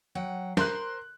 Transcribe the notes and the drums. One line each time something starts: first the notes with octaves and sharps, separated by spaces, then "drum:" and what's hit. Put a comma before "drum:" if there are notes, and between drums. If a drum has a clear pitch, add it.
F#3 F#5 G5
A#4 C5 C6 F#6, drum: snare